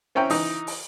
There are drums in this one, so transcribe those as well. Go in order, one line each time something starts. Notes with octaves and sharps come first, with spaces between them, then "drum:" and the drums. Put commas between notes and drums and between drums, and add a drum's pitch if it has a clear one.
C4 C#4 E4 G5 A#5
E3 D#4, drum: open hi-hat
drum: open hi-hat